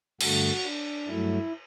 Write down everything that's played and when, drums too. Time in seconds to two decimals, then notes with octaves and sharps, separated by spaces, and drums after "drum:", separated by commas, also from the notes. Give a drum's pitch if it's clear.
0.20 G2 D3 A3 F#4, drum: cymbal
0.64 D4
1.07 G2 F#3 A3 E4